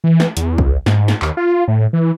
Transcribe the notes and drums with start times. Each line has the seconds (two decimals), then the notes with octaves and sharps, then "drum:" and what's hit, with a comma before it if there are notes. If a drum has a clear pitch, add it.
0.04 E3
0.20 drum: snare
0.37 E2, drum: hi-hat
0.58 C#2, drum: kick
0.86 G#2, drum: snare
1.08 drum: snare
1.22 D#2, drum: clap
1.37 F4
1.68 A2
1.93 E3